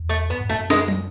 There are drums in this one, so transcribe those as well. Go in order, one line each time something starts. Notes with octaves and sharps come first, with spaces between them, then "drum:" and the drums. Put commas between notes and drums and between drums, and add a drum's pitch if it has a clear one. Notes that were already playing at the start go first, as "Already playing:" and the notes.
Already playing: E2
A3
F#2 B3
G#2
F#2 A3
G#3, drum: snare
drum: tom